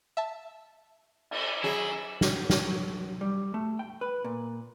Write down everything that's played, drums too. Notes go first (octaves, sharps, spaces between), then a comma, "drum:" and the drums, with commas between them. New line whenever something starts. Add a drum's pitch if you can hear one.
E5 A5
drum: cymbal
F#3 E4 G#4
drum: snare
drum: snare
F#3
G3
A3
G5
B4
A#2